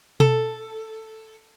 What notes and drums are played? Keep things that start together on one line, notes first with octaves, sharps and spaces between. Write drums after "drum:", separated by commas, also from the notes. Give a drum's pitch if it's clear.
A4, drum: tom B2